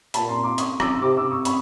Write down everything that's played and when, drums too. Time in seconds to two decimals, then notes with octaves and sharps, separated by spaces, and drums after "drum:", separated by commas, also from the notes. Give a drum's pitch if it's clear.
0.14 A#2 A5 B5, drum: hi-hat
0.29 A#5 C6
0.44 C6 D6
0.58 C#6 D#6, drum: hi-hat
0.80 D6 E6, drum: rim click
1.02 C3 D6 E6
1.17 D6 E6
1.31 C#6 D#6
1.45 B5 C#6, drum: hi-hat